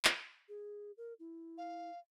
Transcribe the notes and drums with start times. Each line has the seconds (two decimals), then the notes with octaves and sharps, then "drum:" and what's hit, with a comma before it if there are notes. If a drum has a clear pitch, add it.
0.05 drum: clap
0.49 G#4
0.97 A#4
1.20 E4
1.58 F5